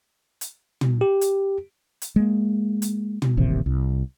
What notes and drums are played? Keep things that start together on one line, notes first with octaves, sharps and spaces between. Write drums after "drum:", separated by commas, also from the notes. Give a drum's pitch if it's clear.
drum: hi-hat
drum: tom
G4
drum: hi-hat
drum: hi-hat
G#3 A#3
drum: hi-hat
drum: tom
D#1 A1 D#2 C3
C2